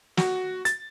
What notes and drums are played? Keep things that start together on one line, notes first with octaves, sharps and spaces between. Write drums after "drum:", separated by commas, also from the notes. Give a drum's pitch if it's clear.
F#4, drum: snare
A6, drum: hi-hat